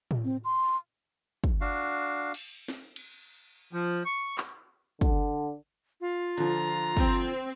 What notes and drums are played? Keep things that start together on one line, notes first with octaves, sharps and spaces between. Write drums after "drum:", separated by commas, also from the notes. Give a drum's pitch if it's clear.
drum: tom A2
C4
C6
drum: kick
D4 F#4 F5
drum: cymbal
drum: snare
drum: cymbal
F3
C#6
drum: clap
D3, drum: kick
F4
D3 F3 A#5, drum: hi-hat
C4, drum: kick